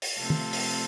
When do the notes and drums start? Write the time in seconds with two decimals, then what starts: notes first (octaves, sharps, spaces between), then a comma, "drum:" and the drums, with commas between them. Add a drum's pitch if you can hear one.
0.02 drum: open hi-hat
0.18 C3 F3 A3 C4 F4 A4
0.30 drum: tom
0.53 drum: open hi-hat